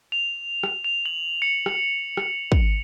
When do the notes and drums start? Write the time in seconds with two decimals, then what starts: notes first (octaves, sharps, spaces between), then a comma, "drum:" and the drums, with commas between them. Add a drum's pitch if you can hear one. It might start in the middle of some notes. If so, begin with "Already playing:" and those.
0.12 F7
0.63 drum: rim click
0.84 F7
1.06 F#7
1.42 C#7
1.66 drum: rim click
2.17 drum: rim click
2.52 drum: kick